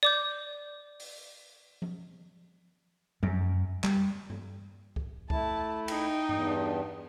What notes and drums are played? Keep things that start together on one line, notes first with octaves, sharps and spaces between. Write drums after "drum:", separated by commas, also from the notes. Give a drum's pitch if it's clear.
D5 D6 G6
drum: open hi-hat
drum: tom F3
F#2, drum: tom F3
G3, drum: clap
drum: tom G2
drum: kick C2
A3 E4 A5, drum: kick C2
D#4 G5, drum: cymbal
E2 G2, drum: tom G2